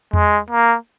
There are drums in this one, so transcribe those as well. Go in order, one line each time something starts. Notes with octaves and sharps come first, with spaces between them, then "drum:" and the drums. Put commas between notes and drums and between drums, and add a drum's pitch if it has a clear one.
G#3, drum: tom E2
A#3